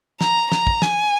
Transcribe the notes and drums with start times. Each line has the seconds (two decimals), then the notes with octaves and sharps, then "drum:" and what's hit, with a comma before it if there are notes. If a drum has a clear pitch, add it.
0.21 A#5, drum: snare
0.52 A#5, drum: snare
0.67 drum: kick
0.82 G#5, drum: snare